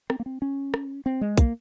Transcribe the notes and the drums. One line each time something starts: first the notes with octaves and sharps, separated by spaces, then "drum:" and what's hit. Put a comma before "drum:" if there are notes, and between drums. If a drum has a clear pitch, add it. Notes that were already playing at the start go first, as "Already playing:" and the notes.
C4, drum: rim click
A#3
C4
C#4
drum: rim click
C4
G#3
A#3, drum: kick, hi-hat